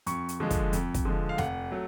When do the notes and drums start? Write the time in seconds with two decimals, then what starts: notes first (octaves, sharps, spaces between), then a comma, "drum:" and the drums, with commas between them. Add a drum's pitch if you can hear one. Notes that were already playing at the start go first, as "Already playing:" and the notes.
0.07 F2 C#6, drum: hi-hat
0.29 drum: hi-hat
0.40 D3 F3 G#3
0.50 drum: kick, hi-hat
0.73 F2, drum: hi-hat
0.94 drum: kick, hi-hat
1.05 D3 F3 G#3
1.29 F5
1.38 F1 F#5, drum: snare
1.72 F#3 A3